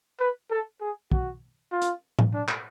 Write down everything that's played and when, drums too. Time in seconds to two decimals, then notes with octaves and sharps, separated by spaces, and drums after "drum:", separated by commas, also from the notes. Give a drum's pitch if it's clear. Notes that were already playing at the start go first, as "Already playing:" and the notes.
0.20 B4
0.50 A4
0.81 G#4
1.12 F#4, drum: kick
1.72 F4
1.82 drum: hi-hat
2.19 drum: tom A2
2.34 D4
2.48 drum: clap